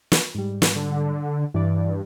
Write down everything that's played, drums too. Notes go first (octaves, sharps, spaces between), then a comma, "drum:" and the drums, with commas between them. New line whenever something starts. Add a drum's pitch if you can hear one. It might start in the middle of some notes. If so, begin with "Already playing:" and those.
drum: snare
G#2 G3
drum: snare
D3
G2 E3 D5